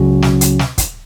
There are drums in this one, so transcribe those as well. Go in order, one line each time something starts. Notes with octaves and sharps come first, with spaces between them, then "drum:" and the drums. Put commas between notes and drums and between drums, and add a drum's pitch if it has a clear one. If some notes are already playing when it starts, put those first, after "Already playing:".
Already playing: C#2 C#3 F#3 C#4 F#4
drum: snare
drum: hi-hat
drum: snare
drum: kick, hi-hat